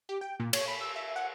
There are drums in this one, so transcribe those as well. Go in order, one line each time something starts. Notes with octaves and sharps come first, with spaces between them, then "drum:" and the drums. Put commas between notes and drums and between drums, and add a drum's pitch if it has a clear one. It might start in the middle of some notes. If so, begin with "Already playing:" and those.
G4
G5
A#2
C#5, drum: cymbal
B5
E6
E5
F#5